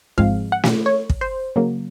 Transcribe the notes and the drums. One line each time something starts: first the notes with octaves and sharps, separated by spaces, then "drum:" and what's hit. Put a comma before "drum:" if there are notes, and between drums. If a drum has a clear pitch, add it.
G#2 F3 G#3 C4 F5, drum: kick
F#5
drum: snare
C#5
drum: kick
C5
C#3 F#3 A#3